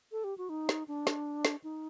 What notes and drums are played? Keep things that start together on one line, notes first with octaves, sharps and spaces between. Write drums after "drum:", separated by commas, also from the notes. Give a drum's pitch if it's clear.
A4
G4
F#4
D#4
drum: snare
D4
drum: snare
drum: snare
D#4